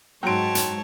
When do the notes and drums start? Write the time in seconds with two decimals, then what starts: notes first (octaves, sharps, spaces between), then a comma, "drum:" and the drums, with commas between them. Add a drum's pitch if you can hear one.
0.23 G#2 F#3 C#5 G5 A5 C6 D7
0.55 drum: hi-hat